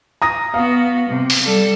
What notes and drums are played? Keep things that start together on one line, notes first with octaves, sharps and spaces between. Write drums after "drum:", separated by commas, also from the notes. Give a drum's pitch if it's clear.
A#5 D#6 A#6
B3 F#4 F5
C3
drum: open hi-hat
G3 A4